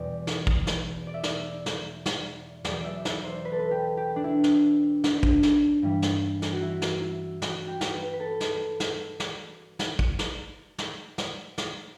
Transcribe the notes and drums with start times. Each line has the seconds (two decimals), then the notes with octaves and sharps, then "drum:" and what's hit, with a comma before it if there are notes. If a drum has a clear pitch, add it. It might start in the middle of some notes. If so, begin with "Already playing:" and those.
Already playing: E2 B2 G3 D5
0.27 drum: snare
0.47 drum: kick
0.67 drum: snare
1.07 D5
1.14 E5
1.23 D5, drum: snare
1.66 drum: snare
2.06 drum: snare
2.65 E2 B2 F#3 D5, drum: snare
2.80 D5 E5
3.05 D5, drum: snare
3.24 C5
3.45 B4
3.52 A4
3.59 B4
3.71 G4
3.97 G4
4.16 D4
4.24 E4
4.44 drum: snare
5.04 D4, drum: snare
5.23 drum: kick
5.43 drum: snare
5.82 G2 E3 G3
6.02 drum: snare
6.42 drum: snare
6.53 F#4
6.62 E4
6.82 drum: snare
7.01 E4
7.42 F#4, drum: snare
7.67 G4
7.81 drum: snare
7.95 B4
8.13 B4
8.20 A4
8.40 drum: snare
8.80 drum: snare
9.20 drum: snare
9.79 drum: snare
9.99 drum: kick
10.19 drum: snare
10.78 drum: snare
11.18 drum: snare
11.58 drum: snare